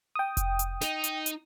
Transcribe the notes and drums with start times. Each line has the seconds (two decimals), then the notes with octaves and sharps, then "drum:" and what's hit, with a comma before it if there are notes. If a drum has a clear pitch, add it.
0.15 G5 D#6
0.37 drum: kick F1, hi-hat
0.59 drum: hi-hat
0.81 D#4, drum: snare
1.04 drum: hi-hat
1.26 drum: hi-hat